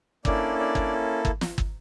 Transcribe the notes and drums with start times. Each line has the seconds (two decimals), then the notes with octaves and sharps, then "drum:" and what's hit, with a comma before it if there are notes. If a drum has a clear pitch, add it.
0.25 A#3 C#4 D4 E4 A4 D5, drum: kick
0.59 D4 D5
0.75 drum: kick
1.25 drum: kick
1.41 drum: snare
1.58 drum: kick